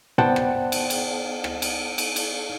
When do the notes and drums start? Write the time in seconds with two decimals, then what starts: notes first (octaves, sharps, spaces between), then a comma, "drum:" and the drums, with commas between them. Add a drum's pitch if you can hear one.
0.18 B3 C5 D5 F#5 G5 A5, drum: tom
0.36 drum: rim click
0.72 drum: cymbal
0.90 drum: cymbal
1.44 drum: rim click
1.62 drum: cymbal
1.98 drum: cymbal
2.16 drum: cymbal